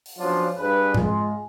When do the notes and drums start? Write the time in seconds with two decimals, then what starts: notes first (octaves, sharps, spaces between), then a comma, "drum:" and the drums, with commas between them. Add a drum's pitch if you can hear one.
0.06 drum: open hi-hat
0.18 F3 F#3 B3 C#4 D4 F4
0.58 G2 D4 G#4 B4
0.94 G#3 F4, drum: tom G#2